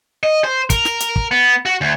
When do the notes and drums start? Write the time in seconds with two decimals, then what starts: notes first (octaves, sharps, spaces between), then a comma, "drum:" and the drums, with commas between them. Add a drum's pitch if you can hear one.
0.23 D#5
0.44 C5
0.70 A#4, drum: kick, hi-hat
0.85 drum: snare
1.00 drum: hi-hat
1.16 drum: kick
1.31 B3
1.66 F#4
1.81 D2